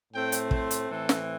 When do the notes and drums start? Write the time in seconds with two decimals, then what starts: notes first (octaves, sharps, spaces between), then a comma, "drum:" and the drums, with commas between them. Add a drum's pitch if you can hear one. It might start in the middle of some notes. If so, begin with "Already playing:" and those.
0.13 A2 A3 C4 G5
0.32 drum: hi-hat
0.51 C5, drum: kick
0.71 drum: hi-hat
0.89 A2 E3 C4 A4
1.09 drum: snare